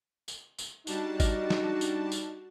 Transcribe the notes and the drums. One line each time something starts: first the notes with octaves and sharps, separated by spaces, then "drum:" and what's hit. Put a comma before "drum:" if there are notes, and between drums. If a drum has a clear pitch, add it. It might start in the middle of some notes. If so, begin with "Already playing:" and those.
drum: tambourine
drum: tambourine
G3 D4 D#4 F#4 A5, drum: tambourine
D5 D#5 F6, drum: kick, tambourine
drum: snare
drum: tambourine
drum: tambourine